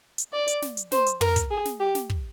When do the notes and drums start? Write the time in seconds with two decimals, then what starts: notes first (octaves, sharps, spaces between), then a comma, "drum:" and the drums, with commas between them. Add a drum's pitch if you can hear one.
0.18 drum: hi-hat
0.33 D5
0.48 drum: hi-hat
0.62 drum: snare
0.77 drum: hi-hat
0.92 C5, drum: snare
1.06 drum: hi-hat
1.21 A#4, drum: tom
1.36 drum: kick, hi-hat
1.51 G#4
1.65 drum: snare
1.80 G4
1.95 drum: snare
2.10 drum: kick